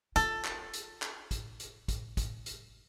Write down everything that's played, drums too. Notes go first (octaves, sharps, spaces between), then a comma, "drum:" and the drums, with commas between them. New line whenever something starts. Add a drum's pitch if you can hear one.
F4 A4, drum: hi-hat
drum: clap
drum: hi-hat
drum: clap
drum: kick, hi-hat
drum: hi-hat
drum: kick, hi-hat
drum: kick, hi-hat
drum: hi-hat